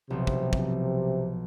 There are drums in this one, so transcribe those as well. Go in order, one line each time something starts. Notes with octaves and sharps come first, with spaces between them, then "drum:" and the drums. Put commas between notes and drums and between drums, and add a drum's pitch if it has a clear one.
B1 C3 F3
drum: kick
drum: kick